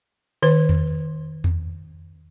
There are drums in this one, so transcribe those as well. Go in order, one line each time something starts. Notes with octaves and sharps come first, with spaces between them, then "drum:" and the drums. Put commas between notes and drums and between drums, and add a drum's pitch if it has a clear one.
D#3 B4
drum: tom E2
drum: tom E2